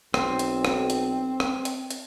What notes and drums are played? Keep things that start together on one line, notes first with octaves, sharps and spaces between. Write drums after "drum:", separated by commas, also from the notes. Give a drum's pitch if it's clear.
B1 C4, drum: rim click
drum: hi-hat
drum: rim click
drum: hi-hat
drum: rim click
drum: hi-hat
drum: hi-hat